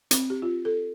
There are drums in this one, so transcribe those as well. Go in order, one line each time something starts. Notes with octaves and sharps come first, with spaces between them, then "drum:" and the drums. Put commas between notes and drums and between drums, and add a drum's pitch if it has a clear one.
C4, drum: hi-hat
G4
F4
A4